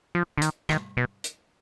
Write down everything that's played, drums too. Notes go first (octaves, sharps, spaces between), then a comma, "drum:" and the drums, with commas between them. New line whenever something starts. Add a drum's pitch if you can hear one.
F3
D3
D#3, drum: hi-hat
D#3, drum: rim click
B2
drum: hi-hat